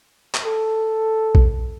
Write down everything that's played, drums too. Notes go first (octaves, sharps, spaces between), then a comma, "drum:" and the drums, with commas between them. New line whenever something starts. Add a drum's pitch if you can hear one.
drum: clap
A4
drum: kick A#1